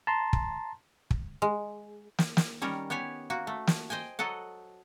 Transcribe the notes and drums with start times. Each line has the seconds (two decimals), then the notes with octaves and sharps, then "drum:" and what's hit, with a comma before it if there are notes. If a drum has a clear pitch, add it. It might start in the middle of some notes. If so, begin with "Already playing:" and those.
0.07 A5 A#5 C6
0.33 drum: kick
1.11 drum: kick
1.42 G#3
2.18 drum: snare
2.37 drum: snare
2.62 D#3 G3 C#4 A#4
2.90 B3 G4 C#5 G#5
3.30 A#3 F#4
3.47 A3
3.67 drum: snare
3.90 C5 D#5 G5 G#5
4.19 F#3 A4 D#5 F#5